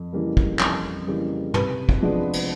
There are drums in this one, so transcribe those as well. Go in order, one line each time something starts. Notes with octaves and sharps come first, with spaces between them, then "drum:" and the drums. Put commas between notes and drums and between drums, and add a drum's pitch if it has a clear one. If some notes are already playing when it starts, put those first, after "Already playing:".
Already playing: F2
C#3 E3 G3 A#3
drum: kick
F2, drum: clap
C#3 E3 G3 A#3
C3 B4, drum: tom
drum: kick
F3 G#3 B3 D4
drum: cymbal